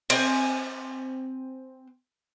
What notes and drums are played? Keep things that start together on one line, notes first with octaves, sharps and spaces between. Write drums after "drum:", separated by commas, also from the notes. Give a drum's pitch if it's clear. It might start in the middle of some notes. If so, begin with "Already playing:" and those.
C4 G#5, drum: cymbal